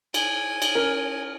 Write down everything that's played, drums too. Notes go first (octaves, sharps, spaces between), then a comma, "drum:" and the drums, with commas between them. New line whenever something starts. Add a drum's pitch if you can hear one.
G#5, drum: cymbal
drum: cymbal
C#4 A#4